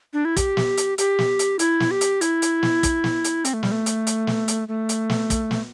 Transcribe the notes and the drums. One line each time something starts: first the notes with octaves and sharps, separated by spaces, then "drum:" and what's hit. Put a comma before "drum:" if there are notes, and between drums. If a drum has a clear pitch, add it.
D4
E4
G4, drum: kick, hi-hat
drum: snare
drum: hi-hat
G4, drum: hi-hat
drum: snare
drum: hi-hat
E4, drum: hi-hat
drum: snare
G4
drum: hi-hat
E4, drum: hi-hat
drum: hi-hat
drum: snare
drum: kick, hi-hat
drum: snare
drum: hi-hat
C4, drum: hi-hat
A3
G3, drum: snare
A3
drum: hi-hat
drum: hi-hat
drum: snare
drum: hi-hat
A3
drum: hi-hat
drum: snare
drum: kick, hi-hat
drum: snare